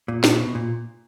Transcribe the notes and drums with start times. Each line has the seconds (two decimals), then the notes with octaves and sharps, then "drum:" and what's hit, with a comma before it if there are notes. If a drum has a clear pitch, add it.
0.08 A#2
0.24 A#2, drum: snare
0.39 B2
0.55 A#2